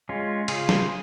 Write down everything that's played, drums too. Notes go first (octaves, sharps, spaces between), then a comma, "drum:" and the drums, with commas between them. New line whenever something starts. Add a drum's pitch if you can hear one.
G#3 C#4 F4
C#3 F4 G#4, drum: cymbal
drum: snare